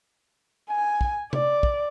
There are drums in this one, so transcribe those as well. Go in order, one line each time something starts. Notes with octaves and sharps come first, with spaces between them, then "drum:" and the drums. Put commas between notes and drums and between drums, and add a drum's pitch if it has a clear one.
G#5
drum: kick
D5, drum: tom C3
drum: kick